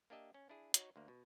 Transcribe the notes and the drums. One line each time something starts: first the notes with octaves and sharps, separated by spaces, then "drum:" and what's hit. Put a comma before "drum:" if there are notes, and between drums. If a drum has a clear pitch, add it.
A#3 D4 G4 D#5 E5
C#4
D4 E4 G#4
D#4 F#4 C#5, drum: hi-hat
D2 A#3
B2